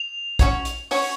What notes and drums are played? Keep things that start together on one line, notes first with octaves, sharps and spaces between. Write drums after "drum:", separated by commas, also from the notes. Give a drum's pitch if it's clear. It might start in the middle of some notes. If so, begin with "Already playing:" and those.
Already playing: F7
C#4 F#4 C#5, drum: kick, hi-hat
drum: hi-hat
C#4 F#4 C#5, drum: open hi-hat